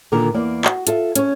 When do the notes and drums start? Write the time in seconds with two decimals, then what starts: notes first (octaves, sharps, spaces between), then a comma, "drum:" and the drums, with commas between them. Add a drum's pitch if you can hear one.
0.12 A#2 D3 D#3 A#4
0.34 E2 A#3 D5
0.65 F#4, drum: clap
0.87 F4 A4 E5, drum: hi-hat
1.15 C#4 C#5, drum: hi-hat